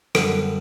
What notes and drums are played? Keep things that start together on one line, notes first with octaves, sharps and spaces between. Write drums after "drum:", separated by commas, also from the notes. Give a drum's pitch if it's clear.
F#2 D3 G3 B3, drum: rim click